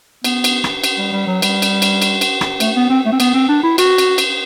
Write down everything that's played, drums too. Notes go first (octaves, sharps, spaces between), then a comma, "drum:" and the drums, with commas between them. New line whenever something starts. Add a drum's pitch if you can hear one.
B3, drum: cymbal
drum: cymbal
drum: rim click
drum: cymbal
G3
G3
F#3
G3, drum: cymbal
drum: cymbal
drum: cymbal
drum: cymbal
drum: cymbal
drum: rim click
A3, drum: cymbal
B3
C4
A3
C4
B3, drum: cymbal
C4
D4
E4
F#4, drum: cymbal
drum: cymbal
drum: cymbal